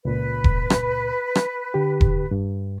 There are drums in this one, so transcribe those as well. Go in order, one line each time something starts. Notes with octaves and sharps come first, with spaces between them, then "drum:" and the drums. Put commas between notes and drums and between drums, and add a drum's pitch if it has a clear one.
C#2 A#2 B4
drum: kick E1
drum: rim click
drum: rim click
D3 G4
drum: kick E1
G2